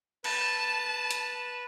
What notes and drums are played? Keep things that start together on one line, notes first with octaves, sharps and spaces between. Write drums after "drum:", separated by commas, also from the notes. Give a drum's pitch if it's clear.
B4 A5, drum: cymbal
drum: hi-hat